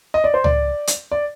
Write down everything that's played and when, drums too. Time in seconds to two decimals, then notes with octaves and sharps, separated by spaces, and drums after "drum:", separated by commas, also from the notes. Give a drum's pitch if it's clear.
0.14 D#5
0.24 D5
0.34 C5
0.44 D5, drum: tom C#2
0.87 drum: hi-hat
1.12 D5